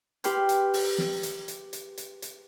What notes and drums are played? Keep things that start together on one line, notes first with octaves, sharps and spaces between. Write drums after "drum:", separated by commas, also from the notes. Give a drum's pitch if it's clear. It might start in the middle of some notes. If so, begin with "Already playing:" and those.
G4 B4 G5 C6 F6, drum: hi-hat
drum: hi-hat
drum: open hi-hat
drum: snare
drum: hi-hat
drum: hi-hat
drum: hi-hat
drum: hi-hat
drum: hi-hat